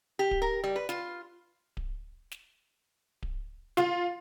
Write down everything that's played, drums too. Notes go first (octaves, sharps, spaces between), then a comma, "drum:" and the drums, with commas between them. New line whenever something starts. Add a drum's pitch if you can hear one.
G4
drum: kick D1
A#4
G3
B4
F4, drum: snare
drum: kick D1
drum: snare
drum: kick D1
F4, drum: snare